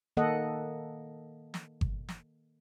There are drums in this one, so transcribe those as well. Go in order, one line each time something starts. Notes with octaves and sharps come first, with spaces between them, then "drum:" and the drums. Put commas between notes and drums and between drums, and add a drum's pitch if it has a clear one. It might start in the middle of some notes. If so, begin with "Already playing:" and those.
D#3 A#3 A4 D#5 F#5
drum: snare
drum: kick G1
drum: snare